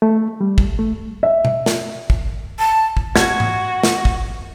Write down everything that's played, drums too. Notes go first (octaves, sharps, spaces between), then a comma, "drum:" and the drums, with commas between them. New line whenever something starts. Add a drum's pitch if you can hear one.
A3
G3
drum: kick
A3
E5
drum: tom B2
drum: snare
drum: kick
A5
drum: kick
F#4 G#6, drum: snare
drum: tom G#2
drum: snare
drum: kick